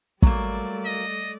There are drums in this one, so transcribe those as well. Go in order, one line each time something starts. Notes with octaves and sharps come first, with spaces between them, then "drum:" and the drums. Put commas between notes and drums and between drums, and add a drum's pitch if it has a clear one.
F#3 G3 A3 A#3 D5, drum: kick
D#5